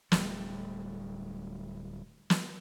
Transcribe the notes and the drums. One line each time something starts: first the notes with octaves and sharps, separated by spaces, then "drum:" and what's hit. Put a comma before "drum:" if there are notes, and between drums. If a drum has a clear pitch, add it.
D1 G3 A3, drum: snare
drum: snare